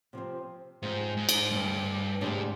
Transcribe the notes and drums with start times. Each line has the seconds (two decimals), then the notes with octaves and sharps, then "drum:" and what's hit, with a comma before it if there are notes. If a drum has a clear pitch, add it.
0.13 C3 F3 C4
0.82 G#2 C3 F3 C4
1.17 G#2
1.29 drum: cymbal
1.52 D2 G2 C3 G3 D4
2.21 D2 G#2 C3 G3 D4